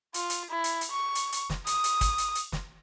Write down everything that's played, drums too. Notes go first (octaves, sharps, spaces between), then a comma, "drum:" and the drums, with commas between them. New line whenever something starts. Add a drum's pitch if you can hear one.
F4, drum: hi-hat
drum: hi-hat
E4
drum: hi-hat
drum: hi-hat
C#6
drum: hi-hat
drum: hi-hat
drum: snare
D#6, drum: hi-hat
drum: hi-hat
drum: kick, hi-hat
drum: hi-hat
drum: hi-hat
drum: snare